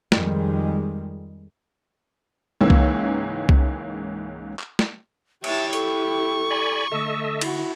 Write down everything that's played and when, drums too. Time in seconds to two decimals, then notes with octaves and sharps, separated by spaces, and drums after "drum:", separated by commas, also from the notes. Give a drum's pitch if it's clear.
0.12 F2 D#3 G3 G#3, drum: snare
2.61 C#2 G#2 E3 A#3 C#4 E6
2.70 drum: kick C2
3.49 drum: kick C2
4.59 drum: clap
4.79 drum: snare
5.44 E4 G4 C#5 E5 A5, drum: cymbal
5.73 A4 C#6, drum: hi-hat
6.50 D5 G#5 B5
6.92 D3 A3 A4 D#5 E5
7.41 E4 F#4, drum: cymbal